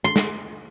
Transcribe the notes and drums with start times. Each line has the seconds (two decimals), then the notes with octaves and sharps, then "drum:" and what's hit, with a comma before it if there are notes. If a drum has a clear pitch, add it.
0.04 C6
0.16 drum: snare